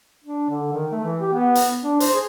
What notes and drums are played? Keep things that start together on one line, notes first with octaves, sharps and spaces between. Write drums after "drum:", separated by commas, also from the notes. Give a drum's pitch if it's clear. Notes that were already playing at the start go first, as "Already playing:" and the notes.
D4
D3
D#3
A3
E3
G4
B3
drum: hi-hat
D4
C5, drum: hi-hat
G#4